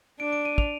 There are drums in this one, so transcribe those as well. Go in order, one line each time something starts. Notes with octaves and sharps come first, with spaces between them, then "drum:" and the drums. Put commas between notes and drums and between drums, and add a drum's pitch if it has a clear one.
D4 D7
D7
D#7
F7, drum: kick